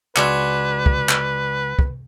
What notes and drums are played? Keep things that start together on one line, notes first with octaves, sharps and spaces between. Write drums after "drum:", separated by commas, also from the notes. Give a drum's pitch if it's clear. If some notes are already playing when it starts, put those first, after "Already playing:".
C#2 D4 F#4 G#4 B4 C6, drum: clap
drum: kick
drum: clap
drum: kick